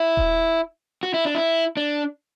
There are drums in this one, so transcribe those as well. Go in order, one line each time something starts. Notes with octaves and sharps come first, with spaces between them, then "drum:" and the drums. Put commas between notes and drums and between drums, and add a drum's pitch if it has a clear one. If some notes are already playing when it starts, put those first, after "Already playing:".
Already playing: E4
drum: kick D#1
F#4
E4
D4
E4
D4